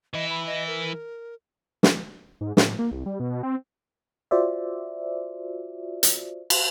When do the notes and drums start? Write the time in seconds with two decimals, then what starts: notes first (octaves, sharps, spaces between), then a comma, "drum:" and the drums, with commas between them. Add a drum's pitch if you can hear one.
0.14 E3 E4 D#5
0.30 B5
0.47 D#5
0.68 A#4
1.83 drum: snare
2.41 G#2
2.57 A2, drum: snare
2.79 A#3
2.91 C2
3.06 G3
3.20 B2
3.43 C4
4.31 F4 F#4 C5 D5 E5
6.03 drum: hi-hat
6.50 drum: cymbal